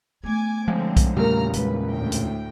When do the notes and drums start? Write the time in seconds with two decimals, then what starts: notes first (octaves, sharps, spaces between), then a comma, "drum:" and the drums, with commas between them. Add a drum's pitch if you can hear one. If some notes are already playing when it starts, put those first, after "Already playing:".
0.24 A3 B3 G#5 D6 G#6
0.68 D3 F3 G#3 C4
0.97 drum: kick B1, hi-hat
1.16 E2 A#2 C#3 G3 A3 A#4 A#5 F6
1.53 D3 G#3 B4, drum: hi-hat
1.92 D2 A2 G5
2.12 drum: hi-hat